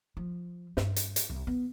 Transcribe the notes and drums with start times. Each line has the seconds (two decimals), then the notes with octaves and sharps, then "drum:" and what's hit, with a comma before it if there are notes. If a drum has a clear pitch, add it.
0.17 F3
0.77 G2, drum: snare
0.96 drum: hi-hat
1.16 drum: hi-hat
1.30 C2
1.47 B3